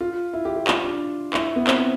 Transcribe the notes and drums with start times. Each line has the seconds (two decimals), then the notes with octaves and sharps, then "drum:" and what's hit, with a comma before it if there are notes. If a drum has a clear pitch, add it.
0.01 F4
0.33 E4
0.45 G4
0.56 G4
0.67 F4, drum: clap
0.83 D4
1.33 E4, drum: clap
1.56 B3
1.67 C4, drum: clap